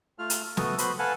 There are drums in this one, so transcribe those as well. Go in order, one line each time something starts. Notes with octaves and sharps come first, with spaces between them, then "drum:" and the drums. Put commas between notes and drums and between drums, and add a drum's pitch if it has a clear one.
A3 F4 F6
drum: hi-hat
A3 B3 F#4 A4 D#6, drum: snare
B3 F#4 C5 B5, drum: hi-hat
A4 B4 F5 F#5 G#5 A5